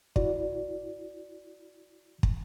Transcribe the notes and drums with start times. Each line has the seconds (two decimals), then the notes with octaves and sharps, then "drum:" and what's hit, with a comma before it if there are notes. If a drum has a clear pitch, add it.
0.16 E4 F#4 D5, drum: kick
2.23 drum: kick